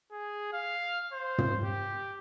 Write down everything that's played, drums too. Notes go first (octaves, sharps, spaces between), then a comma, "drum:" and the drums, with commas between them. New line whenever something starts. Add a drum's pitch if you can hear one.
G#4
F5
C5
drum: tom
G4